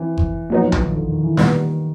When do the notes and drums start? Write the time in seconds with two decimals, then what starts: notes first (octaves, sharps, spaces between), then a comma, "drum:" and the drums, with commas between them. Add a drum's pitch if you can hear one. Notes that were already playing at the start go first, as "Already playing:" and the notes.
Already playing: E3 C4
0.17 drum: kick G1
0.50 A#2 F3 F#3 B3 D#4
0.61 F3
0.72 F3, drum: tom B1
0.83 D#3
0.94 D3
1.09 D#3
1.23 E3
1.37 A#2 D#3 G3 B3, drum: snare